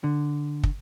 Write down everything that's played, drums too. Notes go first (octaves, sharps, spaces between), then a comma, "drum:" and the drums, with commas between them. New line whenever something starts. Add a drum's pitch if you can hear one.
D3
drum: kick